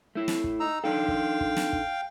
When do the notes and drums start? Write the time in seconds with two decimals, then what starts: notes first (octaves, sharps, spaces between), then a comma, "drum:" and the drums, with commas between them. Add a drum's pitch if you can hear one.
0.15 A3 E4
0.28 drum: snare
0.44 drum: kick
0.60 D#4 A#5 E6
0.84 D4 D#4 A4 F5 G5
1.08 drum: kick
1.40 drum: kick
1.57 drum: snare
1.73 drum: kick